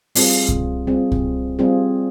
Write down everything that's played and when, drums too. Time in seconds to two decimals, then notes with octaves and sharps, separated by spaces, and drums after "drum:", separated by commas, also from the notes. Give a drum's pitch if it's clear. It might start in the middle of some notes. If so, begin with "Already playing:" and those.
0.15 G3 C4 F4 G#4, drum: open hi-hat
0.49 drum: kick C2
0.87 G3 C4 F4 G#4
1.11 drum: kick C2
1.59 G3 C4 F4 G#4